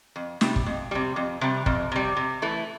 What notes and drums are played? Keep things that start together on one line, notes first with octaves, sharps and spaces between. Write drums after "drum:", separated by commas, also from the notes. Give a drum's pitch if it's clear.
F2
C3 G3, drum: snare
drum: kick
F2
C3 G3
F2
C3 G3
F2, drum: kick
C3 G3
C3
E3 A3 E4